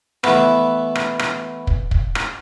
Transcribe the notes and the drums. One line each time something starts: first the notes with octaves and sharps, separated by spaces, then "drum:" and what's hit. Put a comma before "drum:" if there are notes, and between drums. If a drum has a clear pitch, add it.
E3 A3 B3, drum: rim click
drum: rim click
drum: rim click
drum: kick
drum: kick
drum: rim click